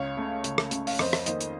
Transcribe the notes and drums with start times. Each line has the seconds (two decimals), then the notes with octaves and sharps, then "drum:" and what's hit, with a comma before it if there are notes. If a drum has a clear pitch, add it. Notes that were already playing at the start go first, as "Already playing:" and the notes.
Already playing: C#2 C#5 F5
0.17 C#3 A3
0.44 C#2, drum: hi-hat
0.58 drum: rim click
0.71 C#3 A3, drum: hi-hat
0.87 F5, drum: open hi-hat
0.99 F2 C5 D#5, drum: rim click
1.13 drum: rim click
1.26 D#3 A#3 C5 D#5, drum: hi-hat
1.41 drum: hi-hat